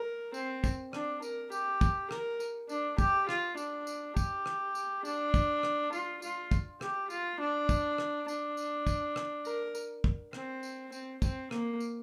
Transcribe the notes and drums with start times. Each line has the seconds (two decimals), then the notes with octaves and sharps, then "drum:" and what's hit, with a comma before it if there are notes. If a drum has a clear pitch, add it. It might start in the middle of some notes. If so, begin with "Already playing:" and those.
Already playing: A#4
0.34 C4, drum: tambourine
0.64 drum: kick, tambourine
0.93 D4, drum: rim click
1.22 A#4, drum: tambourine
1.52 G4, drum: tambourine
1.81 drum: kick, tambourine
2.11 A#4, drum: rim click
2.40 drum: tambourine
2.69 D4, drum: tambourine
2.98 G4, drum: kick, tambourine
3.29 F4, drum: rim click
3.57 D4, drum: tambourine
3.87 drum: tambourine
4.17 G4, drum: kick, tambourine
4.46 drum: rim click
4.75 drum: tambourine
5.05 D4, drum: tambourine
5.34 drum: kick, tambourine
5.63 drum: rim click
5.93 F4, drum: tambourine
6.22 F4, drum: tambourine
6.51 drum: kick, tambourine
6.81 G4, drum: rim click
7.10 F4, drum: tambourine
7.40 D4
7.69 drum: kick, tambourine
7.98 drum: rim click
8.28 D4, drum: tambourine
8.57 drum: tambourine
8.87 drum: kick, tambourine
9.16 drum: rim click
9.45 A#4, drum: tambourine
9.75 drum: tambourine
10.04 drum: kick
10.33 C4, drum: rim click
10.63 drum: tambourine
10.92 C4, drum: tambourine
11.22 C4, drum: kick, tambourine
11.51 A#3, drum: rim click
11.80 drum: tambourine